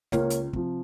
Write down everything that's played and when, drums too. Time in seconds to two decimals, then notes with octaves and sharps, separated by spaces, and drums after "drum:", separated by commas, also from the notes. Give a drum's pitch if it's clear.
0.12 C#2 A#3 C#4, drum: snare
0.30 drum: hi-hat
0.53 C3 F3, drum: kick